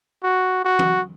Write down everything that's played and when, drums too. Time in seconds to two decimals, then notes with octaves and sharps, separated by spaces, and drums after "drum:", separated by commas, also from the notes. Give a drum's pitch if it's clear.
0.23 F#4
0.64 F#4
0.79 drum: tom E3